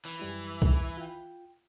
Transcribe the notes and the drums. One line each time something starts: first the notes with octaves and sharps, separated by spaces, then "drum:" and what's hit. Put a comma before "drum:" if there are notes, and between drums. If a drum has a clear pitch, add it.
E3
F#2 G3 E4
drum: kick
F4 G5